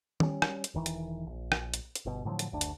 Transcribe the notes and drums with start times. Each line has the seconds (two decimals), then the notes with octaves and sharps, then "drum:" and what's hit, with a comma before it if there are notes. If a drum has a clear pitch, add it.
0.20 G3 C#4, drum: tom D#3
0.42 drum: rim click
0.64 drum: hi-hat
0.74 E1 D#3 E3
0.86 drum: hi-hat
1.27 A#1
1.52 drum: rim click
1.74 drum: hi-hat
1.95 drum: hi-hat
2.05 G1 B2
2.25 A2 D3 F3 F#3
2.39 drum: hi-hat
2.52 F#1 D2 D4
2.61 drum: hi-hat